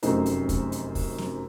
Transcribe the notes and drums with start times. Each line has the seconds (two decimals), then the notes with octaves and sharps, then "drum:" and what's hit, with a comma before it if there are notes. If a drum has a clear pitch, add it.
0.03 F1 F#2 A3 C4 D#4 C5, drum: hi-hat
0.26 drum: hi-hat
0.49 drum: kick, hi-hat
0.72 drum: hi-hat
0.95 drum: kick, open hi-hat
1.18 drum: snare